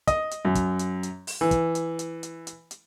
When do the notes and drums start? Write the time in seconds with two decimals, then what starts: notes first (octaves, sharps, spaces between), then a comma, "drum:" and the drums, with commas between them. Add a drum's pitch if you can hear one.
0.07 D#5, drum: kick, hi-hat
0.31 drum: hi-hat
0.45 F#2
0.55 drum: kick, hi-hat
0.79 drum: hi-hat
1.03 drum: hi-hat
1.27 drum: open hi-hat
1.41 E3
1.51 drum: kick, hi-hat
1.75 drum: hi-hat
1.99 drum: hi-hat
2.23 drum: hi-hat
2.47 drum: hi-hat
2.71 drum: hi-hat